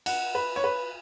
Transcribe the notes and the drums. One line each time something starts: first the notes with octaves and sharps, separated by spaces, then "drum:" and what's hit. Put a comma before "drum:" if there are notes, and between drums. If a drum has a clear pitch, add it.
F#5, drum: cymbal
B4
C#5
B4